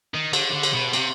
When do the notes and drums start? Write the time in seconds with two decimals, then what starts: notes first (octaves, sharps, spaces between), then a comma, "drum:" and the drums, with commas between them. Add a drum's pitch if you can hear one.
0.14 D#3
0.33 D3, drum: cymbal
0.53 D3
0.63 drum: cymbal
0.74 B2
0.93 C3, drum: cymbal